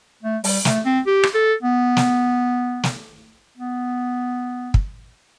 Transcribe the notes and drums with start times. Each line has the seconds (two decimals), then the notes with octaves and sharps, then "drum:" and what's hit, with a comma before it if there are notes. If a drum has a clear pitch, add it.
0.23 A3
0.44 G3, drum: open hi-hat
0.65 A3, drum: snare
0.85 C4
1.06 G4
1.23 drum: rim click
1.34 A4
1.63 B3
1.97 drum: snare
2.83 drum: snare
3.57 B3
4.74 drum: kick